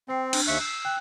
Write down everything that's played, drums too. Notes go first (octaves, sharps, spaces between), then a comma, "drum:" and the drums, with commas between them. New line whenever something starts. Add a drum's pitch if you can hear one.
C4 G5 C7
D4, drum: cymbal
D#2 E5 C#6 F#6
E6 C7
G5 F#6